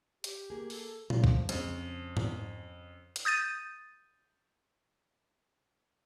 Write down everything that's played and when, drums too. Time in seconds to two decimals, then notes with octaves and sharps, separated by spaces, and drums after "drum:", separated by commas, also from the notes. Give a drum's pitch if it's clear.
0.24 G4, drum: hi-hat
0.50 A#3 G#4
0.70 A4, drum: open hi-hat
1.10 F3 F4, drum: tom A#2
1.24 drum: kick
1.49 F2 C#3, drum: hi-hat
2.17 drum: tom G#2
3.16 drum: hi-hat
3.25 D#6 G6 A6 D#7